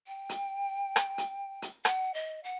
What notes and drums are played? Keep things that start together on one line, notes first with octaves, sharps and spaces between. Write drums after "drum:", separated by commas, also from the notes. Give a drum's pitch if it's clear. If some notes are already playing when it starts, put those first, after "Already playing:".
G5
drum: hi-hat
drum: rim click
drum: hi-hat
drum: hi-hat
F#5, drum: rim click
D#5
F#5